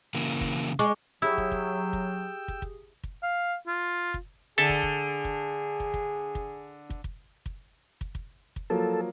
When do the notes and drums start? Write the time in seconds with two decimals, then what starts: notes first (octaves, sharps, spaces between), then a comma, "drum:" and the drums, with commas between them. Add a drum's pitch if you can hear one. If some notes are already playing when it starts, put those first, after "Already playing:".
0.15 C#3 E3 A#3
0.41 drum: kick
0.79 G#3 C#6 D6
1.22 F#3 E4 G4 G#4 G5 D#6 E6
1.38 drum: kick
1.52 drum: kick
1.93 drum: kick
2.48 drum: kick
2.62 drum: kick
3.04 drum: kick
3.22 F5
3.67 F4
4.14 drum: kick
4.58 D3 G#4 A4 E5 A5
4.69 drum: kick
4.83 drum: kick
5.25 drum: kick
5.80 drum: kick
5.94 drum: kick
6.35 drum: kick
6.90 drum: kick
7.04 drum: kick
7.46 drum: kick
8.01 drum: kick
8.15 drum: kick
8.56 drum: kick
8.70 F3 F#3 A#3 A4